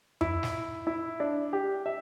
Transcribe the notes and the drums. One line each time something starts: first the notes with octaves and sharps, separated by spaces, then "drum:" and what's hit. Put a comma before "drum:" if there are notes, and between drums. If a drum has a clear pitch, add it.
E4, drum: tom F2
drum: snare
E4
D4
G4
E5